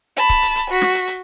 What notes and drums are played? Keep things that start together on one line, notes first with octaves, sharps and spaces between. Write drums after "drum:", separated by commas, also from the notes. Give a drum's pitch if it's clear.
A5 B5, drum: hi-hat
drum: kick C#1, hi-hat
drum: hi-hat
drum: hi-hat
F#4 B6
drum: snare
drum: hi-hat
drum: hi-hat